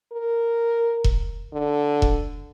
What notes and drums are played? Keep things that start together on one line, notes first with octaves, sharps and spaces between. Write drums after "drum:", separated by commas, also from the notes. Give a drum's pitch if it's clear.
A#4
drum: kick E1
D3
drum: kick E1